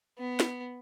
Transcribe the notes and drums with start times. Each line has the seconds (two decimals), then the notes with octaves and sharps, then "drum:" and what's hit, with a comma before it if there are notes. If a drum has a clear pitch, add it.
0.18 B3
0.40 drum: snare